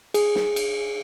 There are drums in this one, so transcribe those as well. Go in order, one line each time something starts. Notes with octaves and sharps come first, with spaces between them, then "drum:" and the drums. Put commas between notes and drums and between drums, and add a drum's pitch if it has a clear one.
G#4, drum: cymbal
drum: snare
drum: cymbal